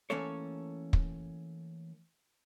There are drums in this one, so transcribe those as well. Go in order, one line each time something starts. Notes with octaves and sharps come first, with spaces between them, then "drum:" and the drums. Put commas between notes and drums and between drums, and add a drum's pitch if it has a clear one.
E3 A3 A#3 C#4 A4 C#5
drum: kick